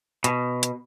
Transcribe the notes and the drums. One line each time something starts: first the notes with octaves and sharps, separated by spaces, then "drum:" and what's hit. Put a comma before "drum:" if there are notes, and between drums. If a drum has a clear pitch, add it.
B2, drum: hi-hat
drum: hi-hat